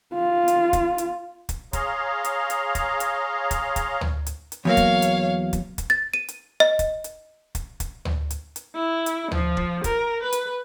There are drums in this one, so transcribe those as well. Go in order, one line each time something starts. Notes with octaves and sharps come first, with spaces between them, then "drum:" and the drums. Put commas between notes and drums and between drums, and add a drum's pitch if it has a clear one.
F4
drum: hi-hat
drum: kick, hi-hat
drum: hi-hat
drum: kick, hi-hat
G#4 C#5 F5 A#5 C6, drum: kick, hi-hat
drum: hi-hat
drum: hi-hat
drum: kick, hi-hat
drum: hi-hat
drum: kick, hi-hat
drum: kick, hi-hat
drum: tom D2
drum: hi-hat
drum: hi-hat
E2 F#3 A#3 C#5 F5
drum: kick, hi-hat
drum: hi-hat
drum: kick, hi-hat
drum: kick, hi-hat
A6
D#7
drum: hi-hat
D#5
drum: kick, hi-hat
drum: hi-hat
drum: kick, hi-hat
drum: kick, hi-hat
drum: tom D2
drum: hi-hat
drum: hi-hat
E4
drum: hi-hat
F3, drum: tom D2
drum: kick
A#4, drum: kick, hi-hat
B4
drum: hi-hat